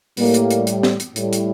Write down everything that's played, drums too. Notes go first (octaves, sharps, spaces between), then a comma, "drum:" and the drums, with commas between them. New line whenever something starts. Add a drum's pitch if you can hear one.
A2 G3 A#3, drum: open hi-hat
drum: hi-hat
drum: hi-hat
drum: hi-hat
drum: snare
drum: hi-hat
A2 G3, drum: hi-hat
drum: hi-hat